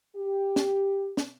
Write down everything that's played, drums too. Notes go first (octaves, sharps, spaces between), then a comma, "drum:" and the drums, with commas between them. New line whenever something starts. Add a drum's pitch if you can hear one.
G4
drum: snare
drum: snare